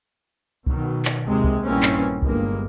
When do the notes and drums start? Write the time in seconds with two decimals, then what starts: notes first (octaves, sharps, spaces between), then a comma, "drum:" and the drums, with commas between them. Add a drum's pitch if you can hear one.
0.67 B2 D#3 F#3, drum: kick C2
1.05 drum: clap
1.24 D#2 C3 G#3
1.44 drum: kick C2
1.64 A#1 G2 E3 A#3 C4 C#4
1.83 drum: clap
2.22 G1 G2 G#3 A#3, drum: kick C2